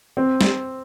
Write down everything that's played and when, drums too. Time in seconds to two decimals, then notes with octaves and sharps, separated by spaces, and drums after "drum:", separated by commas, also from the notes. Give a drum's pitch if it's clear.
0.17 C4
0.41 drum: snare